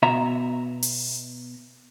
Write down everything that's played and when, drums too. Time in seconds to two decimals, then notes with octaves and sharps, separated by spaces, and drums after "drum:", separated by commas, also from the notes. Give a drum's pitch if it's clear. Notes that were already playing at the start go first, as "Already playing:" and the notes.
0.02 B2 E5 A#5
0.82 drum: open hi-hat